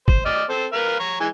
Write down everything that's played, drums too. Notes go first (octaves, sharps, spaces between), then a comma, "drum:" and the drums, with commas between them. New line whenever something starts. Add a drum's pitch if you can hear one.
C5, drum: kick
D5 D#5 F6
C4 A4 C5
A#4 B4 F5
C#5 A#5 C#6
E3 G#3 G#5